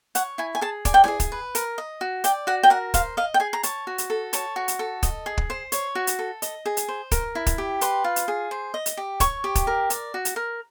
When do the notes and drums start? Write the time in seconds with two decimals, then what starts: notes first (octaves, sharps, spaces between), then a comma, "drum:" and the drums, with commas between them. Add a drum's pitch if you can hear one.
0.15 C#5 F#5, drum: hi-hat
0.38 E4 G#5
0.55 G#5
0.61 G#4 A5
0.85 D5 G#5, drum: kick, hi-hat
0.94 G5
1.04 G#4 G#5, drum: snare E4
1.20 drum: kick, hi-hat
1.32 B4
1.55 A#4, drum: hi-hat
1.78 D#5
2.01 F#4
2.24 D5 G5, drum: hi-hat
2.47 F#4 F#5
2.63 G5
2.70 A#4 F#5
2.94 C5 F5, drum: kick, hi-hat
3.17 D#5 F5
3.34 G5
3.40 G#4 G#5
3.53 A#5
3.63 C#5 A5, drum: hi-hat
3.87 F#4
3.98 drum: hi-hat
4.10 A4
4.33 C#5 A5, drum: hi-hat
4.56 F#4
4.68 drum: hi-hat
4.79 A4
5.03 D#5, drum: kick, hi-hat
5.26 G#4
5.38 drum: kick
5.50 C5
5.72 C#5, drum: hi-hat
5.95 F#4
6.07 drum: hi-hat
6.19 A4
6.42 D#5, drum: hi-hat
6.66 G#4
6.77 drum: hi-hat
6.88 C5
7.11 A#4, drum: kick, hi-hat
7.35 E4
7.46 drum: kick, hi-hat
7.58 G4
7.81 B4 C6, drum: hi-hat
8.04 F4
8.16 drum: hi-hat
8.28 G#4
8.51 C5
8.74 D#5
8.86 drum: hi-hat
8.97 G4
9.20 C#5 C#6, drum: kick, hi-hat
9.44 G4
9.55 drum: kick, hi-hat
9.67 A#4
9.90 D5, drum: hi-hat
10.14 F#4
10.25 drum: hi-hat
10.36 A#4